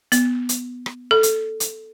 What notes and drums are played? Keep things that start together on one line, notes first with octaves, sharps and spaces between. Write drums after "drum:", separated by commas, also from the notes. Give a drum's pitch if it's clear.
B3, drum: hi-hat
drum: hi-hat
drum: rim click
A4
drum: hi-hat
drum: hi-hat